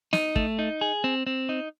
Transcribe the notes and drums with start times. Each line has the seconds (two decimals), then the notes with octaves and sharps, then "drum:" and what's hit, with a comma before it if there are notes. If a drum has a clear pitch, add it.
0.13 D#4, drum: snare
0.36 A3, drum: kick
0.59 D#4
0.81 G#4
1.04 C4
1.27 C4
1.49 D#4